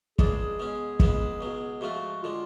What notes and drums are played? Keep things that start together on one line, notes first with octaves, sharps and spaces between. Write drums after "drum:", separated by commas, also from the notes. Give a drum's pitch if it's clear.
C#2 C#3 G#3 D4 G#4, drum: kick
B2 G#3 C#4
C#2 C#3 G#3 B3, drum: kick
C#2 B2 F#3
G#2 F3 A3 F4 F#4
D3 G#3 F4